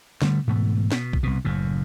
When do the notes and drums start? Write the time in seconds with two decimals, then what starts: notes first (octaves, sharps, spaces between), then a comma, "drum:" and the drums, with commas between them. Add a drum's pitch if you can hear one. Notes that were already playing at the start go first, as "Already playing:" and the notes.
0.22 D3 G3 A3, drum: snare
0.48 G#2 B2 E3 A3
0.92 B2, drum: snare
1.13 drum: kick
1.23 C2 B2
1.45 F#1 F#2 A2